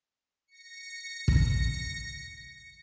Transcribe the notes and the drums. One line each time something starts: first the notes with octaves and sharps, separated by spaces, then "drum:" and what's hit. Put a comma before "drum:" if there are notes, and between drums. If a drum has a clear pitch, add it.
A#6 C#7
drum: kick